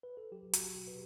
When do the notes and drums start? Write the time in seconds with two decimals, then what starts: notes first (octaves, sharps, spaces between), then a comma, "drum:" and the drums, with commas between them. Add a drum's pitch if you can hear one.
0.03 B4
0.17 A4
0.32 F#3 G4
0.53 F#4, drum: hi-hat
0.75 B2 G4
0.88 B4